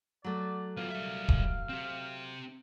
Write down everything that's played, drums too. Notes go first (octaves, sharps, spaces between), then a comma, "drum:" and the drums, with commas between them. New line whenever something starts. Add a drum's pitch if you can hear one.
F#3 A3 D5
B3 F4 F5
G3 E5
drum: kick
C4 G4